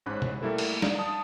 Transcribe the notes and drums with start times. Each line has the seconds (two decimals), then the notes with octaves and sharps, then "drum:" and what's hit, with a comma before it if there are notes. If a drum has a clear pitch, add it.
0.06 A1 G#2 C#4 C5 B5 F#6
0.22 drum: tom
0.42 G3 A3 A#3 E4 A4
0.58 drum: cymbal
0.82 D#4 D5 F5, drum: snare
0.99 A5 D#6